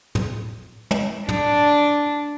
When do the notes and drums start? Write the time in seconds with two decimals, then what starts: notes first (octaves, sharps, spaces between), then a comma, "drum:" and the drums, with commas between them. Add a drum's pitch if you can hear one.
0.15 drum: tom
0.91 drum: tom
1.29 D4, drum: tom